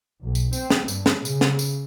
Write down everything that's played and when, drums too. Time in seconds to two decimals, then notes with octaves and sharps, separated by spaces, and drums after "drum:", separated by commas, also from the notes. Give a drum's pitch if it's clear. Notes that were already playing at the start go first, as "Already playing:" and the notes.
0.22 B1
0.35 drum: tambourine
0.53 C4, drum: tambourine
0.70 drum: snare
0.88 G2, drum: tambourine
1.06 drum: snare
1.25 C#3, drum: tambourine
1.41 drum: snare
1.59 drum: tambourine